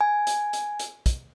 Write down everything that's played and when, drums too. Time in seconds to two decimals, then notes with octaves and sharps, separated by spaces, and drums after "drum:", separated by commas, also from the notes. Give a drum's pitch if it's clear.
0.01 G#5
0.27 drum: hi-hat
0.53 drum: hi-hat
0.79 drum: hi-hat
1.06 drum: kick, hi-hat